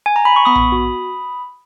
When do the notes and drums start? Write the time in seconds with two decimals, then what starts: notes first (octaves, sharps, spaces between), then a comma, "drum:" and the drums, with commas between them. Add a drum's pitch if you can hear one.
0.06 G#5
0.16 A#5
0.25 B5
0.36 C#6
0.45 B3 B5 D#6
0.55 drum: tom A#1
0.72 F#4